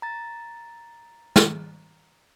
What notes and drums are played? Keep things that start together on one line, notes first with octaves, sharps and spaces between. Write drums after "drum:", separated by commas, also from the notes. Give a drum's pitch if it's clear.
A#5 A6
drum: snare